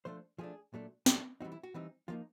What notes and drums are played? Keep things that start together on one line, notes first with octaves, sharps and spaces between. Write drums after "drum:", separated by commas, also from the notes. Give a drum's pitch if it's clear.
F3 A3 D4 C5
F3 A3 D4 G#4
A#2 F#3 A3 D4
A#2 F#3 A3 D4 G4, drum: snare
E3 G3 C4 D#4 F#4
E4
F#4
E3 G3 C4 D#4
F3 A#3 D#4 F4